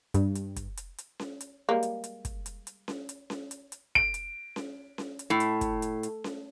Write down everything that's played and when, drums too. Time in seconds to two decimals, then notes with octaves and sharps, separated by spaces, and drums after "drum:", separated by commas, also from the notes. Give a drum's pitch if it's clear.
0.14 G2, drum: hi-hat
0.35 drum: hi-hat
0.56 drum: kick, hi-hat
0.77 drum: hi-hat
0.98 drum: hi-hat
1.19 drum: snare C#4
1.41 drum: hi-hat
1.69 G3 G#3 A#3
1.83 drum: hi-hat
2.04 drum: hi-hat
2.25 drum: kick, hi-hat
2.46 drum: hi-hat
2.67 drum: hi-hat
2.88 drum: snare C#4
3.09 drum: hi-hat
3.30 drum: snare C#4
3.51 drum: hi-hat
3.72 drum: hi-hat
3.95 D7, drum: kick
4.14 drum: hi-hat
4.56 drum: snare C#4
4.98 drum: snare C#4
5.19 drum: hi-hat
5.30 A2
5.40 drum: hi-hat
5.61 drum: kick, hi-hat
5.82 drum: hi-hat
6.03 drum: hi-hat
6.24 drum: snare C#4